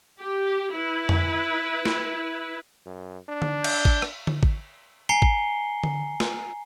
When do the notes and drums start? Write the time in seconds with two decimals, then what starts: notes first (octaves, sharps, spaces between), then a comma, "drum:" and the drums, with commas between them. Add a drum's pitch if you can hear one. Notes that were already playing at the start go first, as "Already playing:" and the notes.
0.20 G4
0.74 E4 B4
1.09 drum: tom F2
1.85 drum: snare
2.85 F#2
3.28 D4
3.42 drum: tom D3
3.64 G6, drum: cymbal
3.85 drum: kick G#1
4.02 drum: rim click
4.27 drum: tom D3
4.43 drum: kick G#1
5.09 G#5 A#5 C7 C#7 G7
5.22 drum: kick G#1
5.83 drum: tom D3
6.20 drum: snare